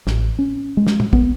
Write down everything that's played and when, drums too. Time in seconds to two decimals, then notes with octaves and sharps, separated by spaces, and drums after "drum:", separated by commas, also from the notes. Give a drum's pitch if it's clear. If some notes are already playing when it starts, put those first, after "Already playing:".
0.07 A1, drum: snare
0.39 C#4
0.77 G#3
0.87 drum: snare
1.00 drum: tom
1.13 B3, drum: kick